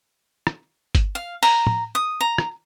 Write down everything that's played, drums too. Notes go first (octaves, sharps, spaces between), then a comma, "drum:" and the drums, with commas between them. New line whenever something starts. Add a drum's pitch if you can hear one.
drum: rim click
drum: kick G1, hi-hat
F5
A#5, drum: open hi-hat
drum: tom
D#6
A#5
drum: rim click